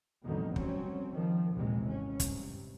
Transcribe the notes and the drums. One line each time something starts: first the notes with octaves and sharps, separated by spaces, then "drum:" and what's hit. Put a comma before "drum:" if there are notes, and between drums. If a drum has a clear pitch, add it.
A1 F2 B2 D3 D#3 G3
F#3 G3 C4 C#4, drum: kick
D#3 F3
A#1 D#2 C3 E3 G#3
G#1 C#4
G2 C3, drum: kick, hi-hat